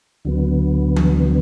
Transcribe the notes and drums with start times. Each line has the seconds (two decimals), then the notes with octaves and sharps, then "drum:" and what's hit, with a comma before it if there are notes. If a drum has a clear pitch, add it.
0.25 D2 D3 F#3 B3
0.96 drum: tom E3